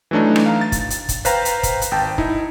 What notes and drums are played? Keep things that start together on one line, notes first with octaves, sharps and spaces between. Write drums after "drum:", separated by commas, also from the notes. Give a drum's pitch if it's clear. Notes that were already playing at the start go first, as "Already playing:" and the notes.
E3 F#3 A3 D4 D#4
drum: rim click
F5 A#5
A6
drum: kick, hi-hat
drum: hi-hat
drum: kick, hi-hat
B4 C5 F5 G5 A#5, drum: hi-hat
drum: hi-hat
drum: kick, hi-hat
drum: hi-hat
G#1 G5 A5
D#4 E4, drum: kick